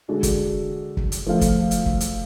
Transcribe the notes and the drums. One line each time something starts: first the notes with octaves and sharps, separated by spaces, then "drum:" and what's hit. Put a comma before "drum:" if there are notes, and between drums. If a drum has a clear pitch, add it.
D3 G#3 D4 F#4 A4
drum: kick, hi-hat
drum: kick
drum: hi-hat
F3 A3 F4 A4 F5
drum: kick, hi-hat
drum: hi-hat
drum: kick
drum: hi-hat